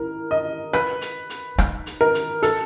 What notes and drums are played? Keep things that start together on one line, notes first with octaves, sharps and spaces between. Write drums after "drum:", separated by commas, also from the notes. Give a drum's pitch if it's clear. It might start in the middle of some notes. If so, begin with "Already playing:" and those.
Already playing: E4 A#4
D#5
B4, drum: rim click
drum: hi-hat
drum: hi-hat
D#4, drum: rim click
drum: hi-hat
A#4
drum: hi-hat
A4, drum: hi-hat